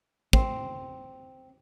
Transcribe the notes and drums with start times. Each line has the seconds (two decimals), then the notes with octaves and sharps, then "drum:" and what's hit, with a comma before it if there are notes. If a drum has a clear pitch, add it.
0.33 C4, drum: kick